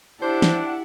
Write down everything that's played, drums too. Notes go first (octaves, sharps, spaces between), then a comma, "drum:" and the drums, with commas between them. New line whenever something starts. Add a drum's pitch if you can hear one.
D4 E4 G4 C5 F#5 A5
drum: snare